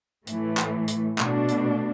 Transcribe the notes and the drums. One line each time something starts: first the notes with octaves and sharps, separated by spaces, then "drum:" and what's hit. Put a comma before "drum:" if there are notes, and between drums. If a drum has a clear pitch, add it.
A2 E3 A3, drum: hi-hat
drum: clap
drum: hi-hat
B2 A3 D4, drum: clap
drum: hi-hat